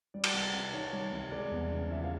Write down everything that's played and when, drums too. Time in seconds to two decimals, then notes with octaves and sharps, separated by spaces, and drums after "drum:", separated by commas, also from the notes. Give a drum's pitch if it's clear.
0.14 G3 D5
0.24 drum: cymbal
0.34 C2
0.53 C3
0.73 D#3 C#5
0.93 G3
1.12 C2
1.32 G#3 D5
1.51 E2
1.71 C#3
1.91 F3 E5
2.04 F5